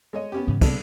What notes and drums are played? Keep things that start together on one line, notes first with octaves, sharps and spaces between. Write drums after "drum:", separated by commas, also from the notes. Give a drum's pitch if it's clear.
G#3 C#5 D#5
B3 C#4 G4
G#2 C#3 E3
C3 A#3 B3 D4 A4, drum: kick, cymbal